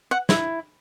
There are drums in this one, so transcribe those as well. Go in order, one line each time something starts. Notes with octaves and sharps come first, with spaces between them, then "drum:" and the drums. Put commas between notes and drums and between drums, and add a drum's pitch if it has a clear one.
F#5
E4 E5, drum: snare